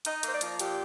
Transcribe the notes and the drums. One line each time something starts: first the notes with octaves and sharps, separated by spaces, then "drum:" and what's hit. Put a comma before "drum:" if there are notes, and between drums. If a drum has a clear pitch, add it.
D#4 D#5, drum: hi-hat
A#3 C5, drum: hi-hat
D5
F3, drum: hi-hat
A#2 G4, drum: hi-hat